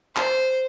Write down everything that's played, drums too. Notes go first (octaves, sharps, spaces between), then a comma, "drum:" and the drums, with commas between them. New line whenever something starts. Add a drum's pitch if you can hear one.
C5, drum: clap